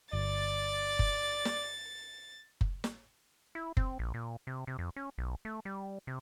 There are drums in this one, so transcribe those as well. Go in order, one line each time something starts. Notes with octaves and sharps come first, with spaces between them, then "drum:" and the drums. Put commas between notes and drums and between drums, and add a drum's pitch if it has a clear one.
G1 D5 A6
drum: kick F#1
drum: snare
drum: kick F#1
drum: snare
E4
C4, drum: kick F#1
A#1
A#2
C3
C3
F2
C#4
B1
A3
G3
C3